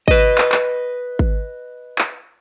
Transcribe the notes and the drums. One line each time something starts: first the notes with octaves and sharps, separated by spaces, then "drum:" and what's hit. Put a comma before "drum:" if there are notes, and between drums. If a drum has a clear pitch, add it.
B4 D#5, drum: kick G#1
drum: clap
drum: clap
drum: kick G#1
drum: clap